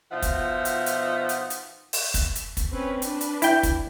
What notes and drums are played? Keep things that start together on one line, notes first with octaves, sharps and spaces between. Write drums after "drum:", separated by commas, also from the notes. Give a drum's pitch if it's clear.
B2 F3 D#4 F4 E5 F#5
drum: kick, hi-hat
drum: hi-hat
drum: hi-hat
drum: hi-hat
drum: hi-hat
drum: open hi-hat
drum: kick, hi-hat
drum: hi-hat
drum: kick, hi-hat
C4 C#4 B4
D4 B4, drum: hi-hat
drum: hi-hat
E4 G5, drum: hi-hat
drum: kick, hi-hat